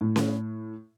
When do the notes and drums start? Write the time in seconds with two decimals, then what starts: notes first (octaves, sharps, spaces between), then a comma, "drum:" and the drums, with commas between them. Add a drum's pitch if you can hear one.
0.01 A2
0.16 drum: snare C#4